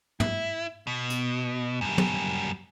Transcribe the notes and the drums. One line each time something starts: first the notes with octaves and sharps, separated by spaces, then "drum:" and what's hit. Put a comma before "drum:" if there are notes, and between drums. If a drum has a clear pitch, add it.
E4, drum: tom
B2
drum: hi-hat
F#2 G3
drum: tom